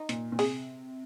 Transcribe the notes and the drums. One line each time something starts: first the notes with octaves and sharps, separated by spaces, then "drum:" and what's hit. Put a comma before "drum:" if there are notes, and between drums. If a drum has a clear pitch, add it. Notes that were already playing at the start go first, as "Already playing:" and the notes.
Already playing: D#4
A#2, drum: hi-hat
A#2
C3 G#4, drum: open hi-hat